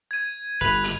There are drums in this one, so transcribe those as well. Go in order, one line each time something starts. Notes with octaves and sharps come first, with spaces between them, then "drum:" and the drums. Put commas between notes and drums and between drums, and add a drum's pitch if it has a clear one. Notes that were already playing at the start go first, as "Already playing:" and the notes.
G#6 D#7
G1 B4 F7
drum: hi-hat